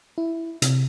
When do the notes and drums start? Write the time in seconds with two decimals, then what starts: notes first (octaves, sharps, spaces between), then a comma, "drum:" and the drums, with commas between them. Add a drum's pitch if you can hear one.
0.18 E4
0.62 C3, drum: hi-hat